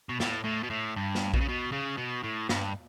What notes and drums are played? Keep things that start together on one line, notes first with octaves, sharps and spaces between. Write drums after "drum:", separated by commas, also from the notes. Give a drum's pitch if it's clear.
B2
A2, drum: snare
A2
B2
A2
G2
drum: snare
B2, drum: kick A#1
C#3
B2
C#3
B2
A2
G2, drum: snare